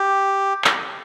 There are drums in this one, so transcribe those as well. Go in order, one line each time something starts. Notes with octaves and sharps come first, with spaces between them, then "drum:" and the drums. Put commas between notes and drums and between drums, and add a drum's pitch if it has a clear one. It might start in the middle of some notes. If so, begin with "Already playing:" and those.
Already playing: G4
drum: clap